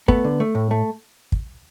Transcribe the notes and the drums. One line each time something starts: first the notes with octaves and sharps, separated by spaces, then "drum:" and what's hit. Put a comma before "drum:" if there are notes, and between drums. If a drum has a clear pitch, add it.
A3 B3, drum: kick
D3
A3
A2
A3
drum: kick